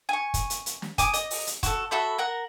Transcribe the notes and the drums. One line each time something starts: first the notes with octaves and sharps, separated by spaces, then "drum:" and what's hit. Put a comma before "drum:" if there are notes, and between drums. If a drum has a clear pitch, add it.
G#5 C#6
drum: kick, hi-hat
drum: hi-hat
drum: hi-hat
drum: snare
G#5 D6 D#6, drum: kick, hi-hat
D#5, drum: hi-hat
drum: open hi-hat
drum: hi-hat
F#4 A4, drum: kick, hi-hat
F#4 A4 E5 B5
A#4 F#5